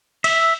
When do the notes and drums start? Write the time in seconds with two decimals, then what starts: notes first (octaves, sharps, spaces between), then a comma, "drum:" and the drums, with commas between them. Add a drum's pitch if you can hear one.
0.24 E5, drum: cymbal